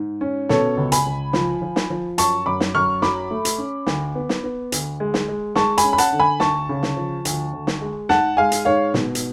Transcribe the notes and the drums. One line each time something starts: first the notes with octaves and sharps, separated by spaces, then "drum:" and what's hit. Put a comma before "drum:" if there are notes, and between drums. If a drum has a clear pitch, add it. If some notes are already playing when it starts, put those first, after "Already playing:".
Already playing: G#2
C#4
B2 A4 C#5, drum: snare
C#2
G#5 B5, drum: hi-hat
C#2
F3, drum: snare
F3
drum: snare
F3
F#2 A5 C#6, drum: hi-hat
F#2 B5 D6
drum: snare
F#2 C#6 F6
F#3 B5 D6, drum: snare
A3
drum: hi-hat
C#4
D2, drum: snare
B3
drum: snare
B3
D2, drum: hi-hat
G#3
drum: snare
G#3
G#3 A5 C#6, drum: snare
G#5 B5, drum: hi-hat
C#4
B5
F#5 A5, drum: hi-hat
D3
G#5 B5
D2 A5 C#6, drum: snare
C#3
drum: snare
F3
D2, drum: hi-hat
D2
drum: snare
G#3
G#2 F#5 A5, drum: snare
G#3 F5 G#5
drum: hi-hat
G#2 C#5 F5
B2, drum: snare
drum: hi-hat